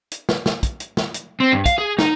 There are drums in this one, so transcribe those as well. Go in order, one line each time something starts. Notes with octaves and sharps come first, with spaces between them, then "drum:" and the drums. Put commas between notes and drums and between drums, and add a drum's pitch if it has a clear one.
drum: hi-hat
drum: snare
drum: snare
drum: kick, hi-hat
drum: hi-hat
drum: snare
drum: hi-hat
C4
G2
F5, drum: kick, hi-hat
G#4
D#4, drum: snare